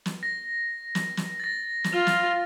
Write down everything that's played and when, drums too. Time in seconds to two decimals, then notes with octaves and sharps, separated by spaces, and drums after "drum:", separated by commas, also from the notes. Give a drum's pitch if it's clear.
0.06 drum: snare
0.23 A#6
0.95 drum: snare
1.17 drum: snare
1.40 A6 A#6
1.84 drum: snare
1.93 F4 F6
2.07 drum: snare